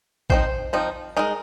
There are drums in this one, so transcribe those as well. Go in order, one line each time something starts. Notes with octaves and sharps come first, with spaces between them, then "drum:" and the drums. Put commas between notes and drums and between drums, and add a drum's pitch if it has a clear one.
F3 C4 D#4 C5, drum: kick
F3 C4 D#4
G#3 D#4 A#4